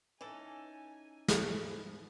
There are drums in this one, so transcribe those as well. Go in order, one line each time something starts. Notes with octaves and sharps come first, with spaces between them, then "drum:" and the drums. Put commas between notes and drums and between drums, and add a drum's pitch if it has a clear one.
E3 C#4 D#4 A4 G#5
drum: snare
G#2 F3 B3